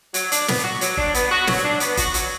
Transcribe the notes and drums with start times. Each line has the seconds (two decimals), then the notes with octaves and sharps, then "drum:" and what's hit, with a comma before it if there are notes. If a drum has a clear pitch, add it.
0.14 F#3, drum: hi-hat
0.32 D4, drum: hi-hat
0.48 B3, drum: snare
0.64 F#4
0.81 F#3, drum: hi-hat
0.97 D4, drum: kick
1.15 B3, drum: hi-hat
1.31 F#4
1.47 F#3, drum: snare
1.64 D4
1.80 B3, drum: hi-hat
1.97 F#4, drum: kick, hi-hat
2.14 F#3, drum: hi-hat